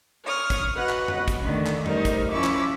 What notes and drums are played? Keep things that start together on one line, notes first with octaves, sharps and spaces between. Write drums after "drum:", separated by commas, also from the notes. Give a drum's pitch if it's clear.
C#5 D#6 F6
drum: kick, hi-hat
F#4 B4 D#5 F#5
drum: clap
drum: tom F2
drum: kick, hi-hat
D3 D#3 A3
drum: clap
G3 A3 D#4 A#4 C5, drum: tom F2
drum: kick, hi-hat
F3 C#4 E4 C#6 D6 E6
drum: clap